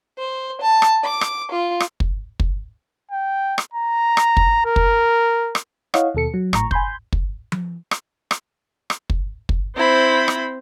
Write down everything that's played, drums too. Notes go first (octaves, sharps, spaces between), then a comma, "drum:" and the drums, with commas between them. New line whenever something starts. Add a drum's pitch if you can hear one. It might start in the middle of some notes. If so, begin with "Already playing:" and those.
C5
A5
drum: rim click
D6
drum: rim click
F4
drum: rim click
drum: kick
drum: kick
G5
drum: rim click
A#5
drum: rim click
drum: kick
A#4
drum: kick
drum: rim click
E4 C#5 D#5 F5 F#5, drum: rim click
D#2 B2 A4 C#7
F#3
G#1 A2 A#5 C#6, drum: rim click
G#5 B5 C6 G6, drum: kick
drum: kick
drum: tom F3
drum: rim click
drum: rim click
drum: rim click
drum: kick
drum: kick
C4 E4 C5 B5
drum: rim click